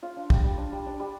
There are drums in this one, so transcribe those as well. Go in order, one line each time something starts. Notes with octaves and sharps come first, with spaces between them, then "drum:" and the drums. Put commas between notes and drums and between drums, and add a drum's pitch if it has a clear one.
F4 F5
D4
G3, drum: kick
G3
D4
G3
D4
G3